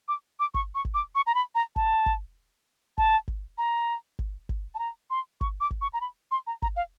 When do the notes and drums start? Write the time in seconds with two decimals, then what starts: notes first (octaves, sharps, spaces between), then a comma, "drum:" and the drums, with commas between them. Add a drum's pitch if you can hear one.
0.08 D6
0.40 D6
0.54 C#6, drum: kick G1
0.75 C#6
0.85 drum: kick G1
0.94 D6
1.15 C#6
1.27 A#5
1.35 B5
1.55 A#5
1.76 A5, drum: kick G1
2.06 drum: kick G1
2.98 A5, drum: kick G1
3.28 drum: kick G1
3.58 A#5
4.19 drum: kick G1
4.49 drum: kick G1
4.75 A5
4.79 A#5
5.10 C6
5.41 C#6, drum: kick G1
5.60 D6
5.71 drum: kick G1
5.81 C#6
5.93 A#5
6.01 B5
6.31 C6
6.47 A#5
6.62 A#5, drum: kick G1
6.76 F5